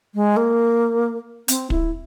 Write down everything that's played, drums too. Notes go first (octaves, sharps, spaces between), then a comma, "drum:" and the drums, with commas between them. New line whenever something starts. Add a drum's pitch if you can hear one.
G#3
A#3
C4, drum: hi-hat
E4, drum: kick